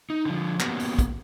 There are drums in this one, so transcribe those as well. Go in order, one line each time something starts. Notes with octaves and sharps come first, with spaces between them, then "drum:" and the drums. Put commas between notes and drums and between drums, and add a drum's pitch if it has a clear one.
D#4
D3 F3
A#3 B3 C#4 F#4 G4, drum: clap
drum: open hi-hat
drum: kick, hi-hat